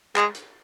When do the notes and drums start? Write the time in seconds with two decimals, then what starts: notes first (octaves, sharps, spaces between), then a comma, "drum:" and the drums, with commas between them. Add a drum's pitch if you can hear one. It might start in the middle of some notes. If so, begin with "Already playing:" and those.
0.16 G#3, drum: clap
0.35 drum: hi-hat